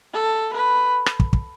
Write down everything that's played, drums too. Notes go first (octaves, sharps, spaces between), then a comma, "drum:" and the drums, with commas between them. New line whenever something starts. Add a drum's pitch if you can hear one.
A4
B4
drum: rim click
drum: kick
drum: kick